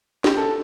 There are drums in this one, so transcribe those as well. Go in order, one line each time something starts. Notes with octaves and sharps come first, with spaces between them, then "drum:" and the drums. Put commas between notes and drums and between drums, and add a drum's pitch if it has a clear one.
G4, drum: snare C#4
A4